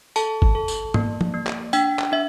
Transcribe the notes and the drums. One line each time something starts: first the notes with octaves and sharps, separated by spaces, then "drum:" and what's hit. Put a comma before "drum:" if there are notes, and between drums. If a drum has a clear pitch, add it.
A4 A5, drum: tambourine
drum: kick
A4
drum: tambourine
A#3, drum: tom
drum: tom
A#3
drum: clap
D4 G5, drum: tambourine
drum: clap
D4 E5